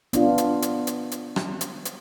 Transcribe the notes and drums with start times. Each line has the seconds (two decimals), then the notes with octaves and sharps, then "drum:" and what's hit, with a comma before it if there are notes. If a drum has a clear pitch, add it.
0.13 B3 D4 F4, drum: hi-hat
0.38 drum: hi-hat
0.62 drum: hi-hat
0.87 drum: hi-hat
1.12 drum: hi-hat
1.36 drum: rim click
1.61 drum: hi-hat
1.85 drum: hi-hat